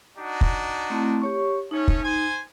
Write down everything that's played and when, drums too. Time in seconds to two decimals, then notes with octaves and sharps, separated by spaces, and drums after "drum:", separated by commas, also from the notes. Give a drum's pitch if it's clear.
0.17 D4 D#4 F#4
0.41 drum: kick
0.90 A3 C4 E4
1.22 G4 C#5 C#6
1.71 A3 C#4 D#4
1.88 drum: kick
2.03 C5 G#5